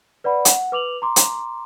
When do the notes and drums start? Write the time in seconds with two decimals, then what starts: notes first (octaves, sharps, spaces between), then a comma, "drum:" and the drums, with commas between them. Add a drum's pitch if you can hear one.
0.24 B4 D5 F#5 B5
0.45 F#5, drum: hi-hat
0.72 B4 D6 F7 F#7
1.02 A#5 C6 D6
1.16 drum: hi-hat